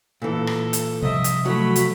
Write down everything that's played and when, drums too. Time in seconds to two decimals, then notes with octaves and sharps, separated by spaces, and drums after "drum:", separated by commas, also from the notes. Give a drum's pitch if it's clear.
0.22 A#2 E3 A4
0.47 drum: rim click
0.73 drum: hi-hat
1.02 C3 F3 G3 D#5 E5
1.24 drum: hi-hat
1.46 F#3 A3 B5
1.76 drum: hi-hat